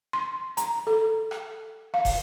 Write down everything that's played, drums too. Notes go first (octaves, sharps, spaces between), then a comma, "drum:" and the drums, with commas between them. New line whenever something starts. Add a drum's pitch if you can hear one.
C6
A#5, drum: hi-hat
A4
drum: rim click
F5
drum: kick, open hi-hat